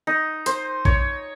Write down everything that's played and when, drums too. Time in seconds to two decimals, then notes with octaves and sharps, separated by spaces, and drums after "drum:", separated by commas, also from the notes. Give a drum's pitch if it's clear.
0.07 D#4
0.46 C5, drum: hi-hat
0.85 C#5, drum: kick A#1